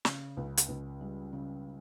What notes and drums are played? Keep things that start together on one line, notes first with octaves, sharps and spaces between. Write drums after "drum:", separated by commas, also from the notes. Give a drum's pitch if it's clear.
C#3, drum: snare
C#2
drum: hi-hat
C#2
G3
C#3